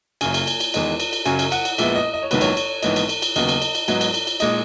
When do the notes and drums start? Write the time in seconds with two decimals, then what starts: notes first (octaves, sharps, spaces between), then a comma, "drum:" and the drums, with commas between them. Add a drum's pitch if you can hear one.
0.21 F#1 F#2 C#3 G#5, drum: cymbal
0.34 drum: cymbal
0.47 drum: cymbal
0.60 drum: cymbal
0.74 E2 D#3 G#3 B3 D#4, drum: cymbal
1.00 drum: cymbal
1.13 drum: cymbal
1.26 F#2 C#3 F#3 G#5, drum: cymbal
1.39 drum: cymbal
1.52 F#5, drum: cymbal
1.65 drum: cymbal
1.78 A#1 A#2 G#3 B3 E5, drum: cymbal
1.96 D#5
2.14 D#5
2.23 C#5
2.31 A#1 G#2 D#3 F#3 B3 B4, drum: cymbal
2.41 C#5, drum: cymbal
2.57 drum: cymbal
2.83 A#1 G#2 E3 B3 D#4, drum: cymbal
2.96 drum: cymbal
3.09 drum: cymbal
3.22 drum: cymbal
3.36 D#2 C#3 F#3 B3 D#5, drum: cymbal
3.49 drum: cymbal
3.62 drum: cymbal
3.75 drum: cymbal
3.88 G#2 F#3 B3 D#4, drum: cymbal
4.01 drum: cymbal
4.14 drum: cymbal
4.27 drum: cymbal
4.40 A#2 G#3 D#4 D#5, drum: cymbal